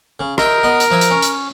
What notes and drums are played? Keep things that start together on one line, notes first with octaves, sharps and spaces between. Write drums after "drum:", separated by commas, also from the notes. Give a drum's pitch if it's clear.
C#3
A#4 D#5 E5 G5, drum: rim click
B3 D#5
drum: hi-hat
F3 E5 G#5
drum: hi-hat
C#4
drum: hi-hat